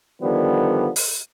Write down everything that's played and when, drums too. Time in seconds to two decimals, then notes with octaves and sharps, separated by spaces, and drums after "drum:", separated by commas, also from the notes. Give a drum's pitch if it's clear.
0.22 D3 D#3 F3 G3 B3
0.96 drum: open hi-hat